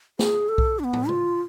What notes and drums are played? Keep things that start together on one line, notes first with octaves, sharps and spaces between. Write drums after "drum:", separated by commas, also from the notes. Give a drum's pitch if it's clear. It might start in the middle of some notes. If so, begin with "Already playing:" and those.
G#4, drum: snare
A4
drum: kick B1
D4
B3
drum: tom
F4, drum: tom C#3